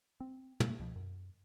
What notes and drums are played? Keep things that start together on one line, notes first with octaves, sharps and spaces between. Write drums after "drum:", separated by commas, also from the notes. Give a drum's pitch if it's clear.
C4
C3 A3 A#3, drum: tom
C#2 B2 F3
F#2